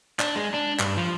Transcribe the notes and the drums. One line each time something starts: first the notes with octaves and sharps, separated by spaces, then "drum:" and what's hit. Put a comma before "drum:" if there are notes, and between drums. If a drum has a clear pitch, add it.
D4, drum: clap
G#3
D4
G2, drum: clap
F3